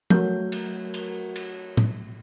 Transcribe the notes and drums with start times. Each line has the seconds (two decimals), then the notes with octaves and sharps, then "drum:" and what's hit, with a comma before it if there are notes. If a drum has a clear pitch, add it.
0.10 F#3 A3 A#4 G6, drum: tom F3
0.52 drum: cymbal
0.94 drum: cymbal
1.36 drum: cymbal
1.77 drum: tom A2